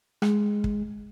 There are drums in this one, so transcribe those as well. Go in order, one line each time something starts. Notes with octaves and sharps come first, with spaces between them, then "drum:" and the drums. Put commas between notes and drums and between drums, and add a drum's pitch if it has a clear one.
G#3, drum: rim click
drum: kick